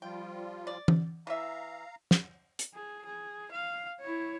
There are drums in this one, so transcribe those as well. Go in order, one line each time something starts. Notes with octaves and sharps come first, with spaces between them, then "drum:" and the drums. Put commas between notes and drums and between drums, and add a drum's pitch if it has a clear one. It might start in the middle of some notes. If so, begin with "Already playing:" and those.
F3 G3 F4 G5
D5
drum: tom E3
E3 E5 F5 A#5
drum: snare
drum: hi-hat
G#4
G#4
F5
E4 C#5